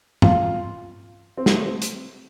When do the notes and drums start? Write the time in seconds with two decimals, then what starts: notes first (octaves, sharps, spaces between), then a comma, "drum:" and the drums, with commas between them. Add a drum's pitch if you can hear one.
0.22 F4, drum: tom G2
1.37 C4
1.46 G3, drum: snare
1.51 A3
1.66 C4
1.82 drum: hi-hat